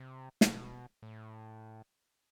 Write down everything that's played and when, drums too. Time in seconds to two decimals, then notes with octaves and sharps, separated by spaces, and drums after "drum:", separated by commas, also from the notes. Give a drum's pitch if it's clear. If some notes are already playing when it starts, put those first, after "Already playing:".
Already playing: C3
0.41 A2, drum: snare
0.46 B2
1.03 A2